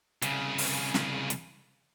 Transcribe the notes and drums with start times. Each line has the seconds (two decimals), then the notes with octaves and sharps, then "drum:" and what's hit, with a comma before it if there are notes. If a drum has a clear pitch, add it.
0.22 C2 C#3, drum: hi-hat
0.58 drum: open hi-hat
0.94 drum: snare
1.30 drum: hi-hat